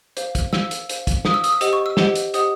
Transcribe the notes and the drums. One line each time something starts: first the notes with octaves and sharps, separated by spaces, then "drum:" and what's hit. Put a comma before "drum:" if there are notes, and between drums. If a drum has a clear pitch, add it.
C5 F5, drum: hi-hat
drum: kick, hi-hat
C5 F5 E6, drum: snare
drum: hi-hat
C5 F5, drum: hi-hat
drum: kick, hi-hat
C5 F5 D#6, drum: snare
E6
D#6, drum: hi-hat
E6
G4 C5 D#5 F#5, drum: hi-hat
C#6
E6
G4 C5 D#5 F#5, drum: snare
drum: hi-hat
G4 C5 D#5 F#5 D#6, drum: hi-hat